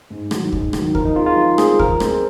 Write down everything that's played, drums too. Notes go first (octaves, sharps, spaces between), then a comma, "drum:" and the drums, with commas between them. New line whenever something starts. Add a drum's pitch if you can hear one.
G#2
D#3 F#3, drum: rim click
G#2, drum: kick D2
D#3 F#3, drum: rim click
F3 A#4, drum: kick D2
D#4
C4 F4
G#3
F4
F3
G#3 C4 G#4, drum: rim click
F3 A#4, drum: kick D2
G#3 C4, drum: rim click